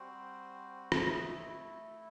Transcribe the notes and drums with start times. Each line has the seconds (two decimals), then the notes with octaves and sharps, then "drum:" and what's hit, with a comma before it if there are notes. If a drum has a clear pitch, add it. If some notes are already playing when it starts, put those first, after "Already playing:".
Already playing: G3 C4 F#4 C5
0.92 A3 E4 C5, drum: rim click
1.11 D#5